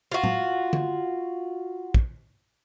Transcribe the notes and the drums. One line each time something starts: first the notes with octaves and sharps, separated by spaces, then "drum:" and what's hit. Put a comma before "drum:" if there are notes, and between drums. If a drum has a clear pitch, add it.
F4 F#4
drum: tom A2
drum: tom
drum: kick